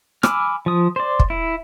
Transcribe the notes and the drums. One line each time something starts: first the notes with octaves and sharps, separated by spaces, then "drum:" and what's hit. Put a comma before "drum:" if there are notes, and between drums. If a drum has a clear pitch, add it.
G#5 B5 D6 E6 F6, drum: rim click
F3 D#6
C5 D5
drum: kick
E4